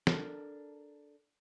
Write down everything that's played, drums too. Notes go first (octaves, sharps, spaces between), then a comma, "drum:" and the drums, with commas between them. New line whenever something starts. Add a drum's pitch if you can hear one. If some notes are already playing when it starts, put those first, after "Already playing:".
D4 A4 A#4, drum: snare